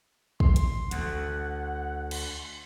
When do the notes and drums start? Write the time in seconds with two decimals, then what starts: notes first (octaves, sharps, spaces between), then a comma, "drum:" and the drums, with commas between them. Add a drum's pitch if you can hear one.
0.40 C6, drum: kick
0.56 drum: hi-hat
0.91 D2 F#5, drum: hi-hat
2.11 drum: cymbal